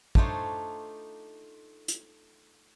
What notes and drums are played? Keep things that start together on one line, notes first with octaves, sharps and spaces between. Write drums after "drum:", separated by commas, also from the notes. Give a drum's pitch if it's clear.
A3 D4 D#4 F4 C5 C#5, drum: kick
drum: hi-hat